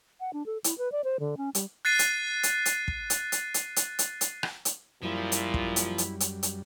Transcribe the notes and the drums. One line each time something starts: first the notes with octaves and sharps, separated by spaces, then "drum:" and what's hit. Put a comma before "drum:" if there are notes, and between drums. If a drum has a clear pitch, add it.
F#5
D4
A4
E4, drum: hi-hat
B4
D5
C5
D3
C#4
G3, drum: hi-hat
F#6 A6 C7 D#7
drum: hi-hat
drum: hi-hat
drum: hi-hat
drum: kick
drum: hi-hat
drum: hi-hat
drum: hi-hat
drum: hi-hat
drum: hi-hat
drum: hi-hat
drum: rim click
drum: hi-hat
F#2 A#2 F3 G3 E4
drum: hi-hat
drum: kick
drum: hi-hat
drum: hi-hat
drum: hi-hat
drum: hi-hat